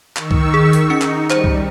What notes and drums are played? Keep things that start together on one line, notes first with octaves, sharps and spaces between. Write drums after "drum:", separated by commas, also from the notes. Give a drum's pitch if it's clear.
D#3 C#6 E6, drum: clap
drum: kick C2
G#4
drum: hi-hat
C#4 D#4 C#7
drum: clap
G3 C5, drum: clap
drum: kick C2